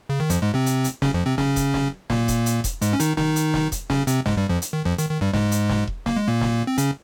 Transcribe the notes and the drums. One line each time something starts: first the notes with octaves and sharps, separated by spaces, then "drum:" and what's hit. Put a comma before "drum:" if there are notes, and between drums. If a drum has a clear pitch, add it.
C#3
D#3
F2 F3, drum: hi-hat
G#2 G#3
C3 C4
drum: hi-hat
drum: hi-hat
C#3 C#4, drum: snare
F2 F3
C3 C4
C#3 C#4, drum: snare
drum: kick E1, hi-hat
drum: snare
A#2 A#3, drum: snare
drum: kick E1, hi-hat
drum: hi-hat
drum: kick E1, hi-hat
G#2 G#3, drum: hi-hat
C#4
D#3 D#4, drum: hi-hat
D#3 D#4, drum: snare
drum: hi-hat
drum: snare
drum: kick E1, hi-hat
C#3 C#4, drum: snare
C3 C4, drum: hi-hat
G#2 G#3, drum: snare
G2 G3
F2 F3
drum: hi-hat
D#3
F2 F3
D#3, drum: hi-hat
D#3
G2 G3
G#2 G#3, drum: snare
drum: hi-hat
drum: snare
drum: kick E1
A#3, drum: snare
G#3
A#2 A#3
drum: snare
C4
C#3 C#4, drum: hi-hat